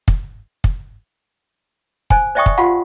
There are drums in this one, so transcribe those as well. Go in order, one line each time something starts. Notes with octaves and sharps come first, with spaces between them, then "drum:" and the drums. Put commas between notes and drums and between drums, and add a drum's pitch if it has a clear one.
drum: kick
drum: kick
C5 G#5, drum: kick
C5 D5 E5 G5 C#6 D#6
drum: kick
F4 G4 F5 F#5 C6